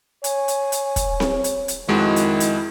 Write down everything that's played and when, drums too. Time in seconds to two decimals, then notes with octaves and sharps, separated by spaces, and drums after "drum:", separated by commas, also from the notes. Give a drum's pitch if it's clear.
0.24 C#5 G#5, drum: hi-hat
0.48 drum: hi-hat
0.72 drum: hi-hat
0.96 drum: kick, hi-hat
1.20 drum: snare C4
1.44 drum: hi-hat
1.68 drum: hi-hat
1.89 F2 D#3 G#3 E4 F#4
2.16 drum: hi-hat
2.40 drum: hi-hat